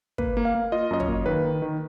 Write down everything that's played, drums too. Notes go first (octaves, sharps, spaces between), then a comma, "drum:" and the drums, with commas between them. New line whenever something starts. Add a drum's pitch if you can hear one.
A#3 B4, drum: kick
A#3
F5
A#3
F4 D#5
F#2 D#5
C#5, drum: kick
A#3
D#3 B4
D#3
D#3